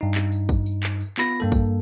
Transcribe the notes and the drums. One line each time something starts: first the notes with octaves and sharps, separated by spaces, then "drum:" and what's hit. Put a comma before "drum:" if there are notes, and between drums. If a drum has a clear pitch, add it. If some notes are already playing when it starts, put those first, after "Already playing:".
G2 D#4
drum: clap
drum: tambourine
drum: kick, tambourine
drum: tambourine
drum: clap
drum: tambourine
B3 F4 B5 A#6, drum: clap
G2 A#3 A4
drum: kick, tambourine